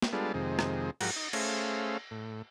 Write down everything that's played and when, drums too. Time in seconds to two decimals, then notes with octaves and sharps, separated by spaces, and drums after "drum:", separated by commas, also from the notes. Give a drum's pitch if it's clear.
0.02 drum: snare
0.13 G3 G#3 B3 D4 F4 A4
0.34 F2 C3 D#3 G#3
0.59 drum: rim click
1.01 G#2 F3 F#3 G4 A#4 F#5, drum: cymbal
1.16 D#4
1.33 A3 C#4 G#4 C5 E5 F5, drum: cymbal
2.11 A2